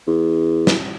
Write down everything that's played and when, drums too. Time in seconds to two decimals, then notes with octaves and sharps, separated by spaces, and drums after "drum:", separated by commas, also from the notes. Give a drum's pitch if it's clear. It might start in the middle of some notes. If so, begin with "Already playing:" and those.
0.07 E2
0.67 drum: snare